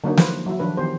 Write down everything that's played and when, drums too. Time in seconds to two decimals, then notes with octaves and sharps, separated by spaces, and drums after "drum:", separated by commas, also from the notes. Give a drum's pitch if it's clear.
0.04 D3 F#3 A#3 D4 D#4 C#5
0.17 E3 F3 G#3 B4 C5, drum: snare
0.46 F#3 E4
0.60 D#3 F3 D4 B4
0.77 D#3 E3 B3 G4 C5